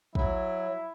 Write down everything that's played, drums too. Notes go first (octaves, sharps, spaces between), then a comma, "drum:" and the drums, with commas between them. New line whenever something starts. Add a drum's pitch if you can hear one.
F#3 E4, drum: kick